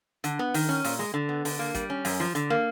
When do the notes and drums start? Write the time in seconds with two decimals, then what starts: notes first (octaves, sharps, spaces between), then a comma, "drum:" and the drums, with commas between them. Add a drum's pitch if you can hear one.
0.24 D3, drum: hi-hat
0.39 B3
0.54 D#3, drum: open hi-hat
0.69 C#4
0.84 A#2, drum: open hi-hat
0.99 G#3
1.14 D3
1.29 B3
1.45 D3, drum: open hi-hat
1.59 A#3
1.74 G3, drum: kick G#1, hi-hat
1.90 C#4
2.05 F#2, drum: open hi-hat
2.20 F3
2.35 D3, drum: hi-hat
2.50 A#3